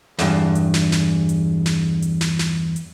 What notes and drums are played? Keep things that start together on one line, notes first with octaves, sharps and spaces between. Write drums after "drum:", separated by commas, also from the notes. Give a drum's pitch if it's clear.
E2 G2, drum: snare
drum: hi-hat
drum: snare
drum: snare
drum: hi-hat
drum: snare
drum: hi-hat
drum: snare
drum: snare
drum: hi-hat